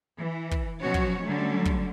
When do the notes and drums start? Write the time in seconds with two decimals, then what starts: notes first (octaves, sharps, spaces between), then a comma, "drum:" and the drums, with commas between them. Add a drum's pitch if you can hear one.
0.17 E3
0.51 drum: kick
0.81 B2 F3 F#3 C#4 F#4 C#5
0.94 drum: kick
1.23 D3 F#3 G3 A3 C#4
1.65 drum: kick